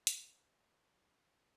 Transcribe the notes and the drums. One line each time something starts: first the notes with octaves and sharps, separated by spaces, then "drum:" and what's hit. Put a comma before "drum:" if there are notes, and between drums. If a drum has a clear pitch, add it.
F5, drum: hi-hat